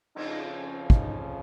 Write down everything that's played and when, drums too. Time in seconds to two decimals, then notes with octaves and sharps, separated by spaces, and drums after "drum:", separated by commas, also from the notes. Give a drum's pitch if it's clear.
0.16 F2 C#3 F3 D#4, drum: cymbal
0.54 C#4
0.90 D#4, drum: kick